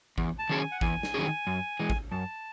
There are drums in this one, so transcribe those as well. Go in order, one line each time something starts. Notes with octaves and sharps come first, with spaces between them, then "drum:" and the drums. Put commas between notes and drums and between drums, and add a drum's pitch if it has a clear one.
E2, drum: kick G#1
A5
D#3 F#3 C#4 G#4
G#5
F#5
E2 G#5, drum: kick G#1
drum: snare
D#3 F#3 C#4 G#4
F#2
E3 G#3
drum: kick G#1
F#2 A5